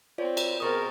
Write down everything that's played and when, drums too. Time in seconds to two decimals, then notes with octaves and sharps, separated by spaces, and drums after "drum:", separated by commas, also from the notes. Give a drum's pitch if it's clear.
0.18 C4 F4 C#5 D5
0.37 drum: cymbal
0.60 B2 C4 G#4 A#4 A#5 C#6 D#6 A6